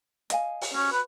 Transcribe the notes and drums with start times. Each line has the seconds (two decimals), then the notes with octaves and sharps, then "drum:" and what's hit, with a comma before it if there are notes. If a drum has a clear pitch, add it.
0.30 D#5 F5 G#5, drum: hi-hat
0.61 drum: open hi-hat
0.74 C#4 F#4
0.92 B4